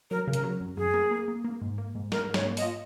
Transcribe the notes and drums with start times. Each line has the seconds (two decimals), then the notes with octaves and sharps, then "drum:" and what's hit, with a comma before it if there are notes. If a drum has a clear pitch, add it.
0.11 F#3 A#4
0.27 C#3
0.33 A#4, drum: hi-hat
0.43 F#3
0.61 F#2
0.77 F#2 G#4
0.94 A#3
1.11 A#3
1.28 A#3
1.44 A#3
1.61 G#2
1.78 A#3
1.95 G#2
2.12 G#2 A#4, drum: snare
2.29 G#2
2.34 C#5, drum: snare
2.45 A#3
2.57 D#5, drum: open hi-hat
2.62 F4